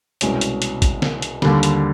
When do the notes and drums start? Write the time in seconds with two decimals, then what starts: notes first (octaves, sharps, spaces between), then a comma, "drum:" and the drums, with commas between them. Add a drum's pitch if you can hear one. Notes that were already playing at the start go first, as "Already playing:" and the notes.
0.21 C2 B2 G#3 C#4, drum: hi-hat
0.41 drum: hi-hat
0.62 drum: hi-hat
0.82 drum: kick A1, hi-hat
1.02 drum: snare
1.22 drum: hi-hat
1.42 D#2 D3 G3, drum: snare
1.63 drum: hi-hat